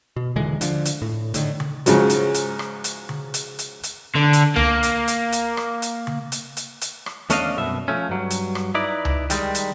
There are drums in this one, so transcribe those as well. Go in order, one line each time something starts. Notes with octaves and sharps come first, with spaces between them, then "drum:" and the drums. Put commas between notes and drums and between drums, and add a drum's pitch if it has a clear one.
B2
D#1 D3 E3 G#3
D3 F3, drum: hi-hat
drum: hi-hat
A2
A2 D3 D#3, drum: hi-hat
drum: tom C#3
G#2 C#3 F3 F#3, drum: hi-hat
drum: hi-hat
drum: hi-hat
drum: rim click
drum: hi-hat
drum: tom C#3
drum: hi-hat
drum: hi-hat
drum: hi-hat
D3
drum: hi-hat
A#3, drum: tom C#2
drum: hi-hat
drum: hi-hat
drum: hi-hat
drum: rim click
drum: hi-hat
drum: tom C#3
drum: hi-hat
drum: hi-hat
drum: hi-hat
drum: rim click
E2 A3 C#4 D4 D#5 F5, drum: hi-hat
C2 F#2 B2 E5
F3 A3 C#4
G2 F#3
drum: hi-hat
drum: rim click
D#4 E4 B4 D5
drum: tom C#2
D#3 G3 G#3, drum: hi-hat
drum: hi-hat